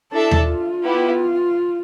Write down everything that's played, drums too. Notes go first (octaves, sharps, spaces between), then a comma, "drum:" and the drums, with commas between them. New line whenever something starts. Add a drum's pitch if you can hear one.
D4 E4 A4 E5 A5
drum: tom D#2
F4
B3 E4 G4 B4